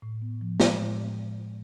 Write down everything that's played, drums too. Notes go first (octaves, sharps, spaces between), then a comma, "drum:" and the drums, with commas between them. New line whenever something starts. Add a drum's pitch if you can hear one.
A2
B3
F3
G#3, drum: snare
A2